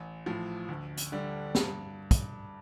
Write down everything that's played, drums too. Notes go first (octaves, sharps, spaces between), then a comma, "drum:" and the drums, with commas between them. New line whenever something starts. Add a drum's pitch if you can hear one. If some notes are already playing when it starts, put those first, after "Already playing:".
Already playing: A1
A2 F3
D2
drum: hi-hat
D3 G3
G2, drum: snare
drum: kick, hi-hat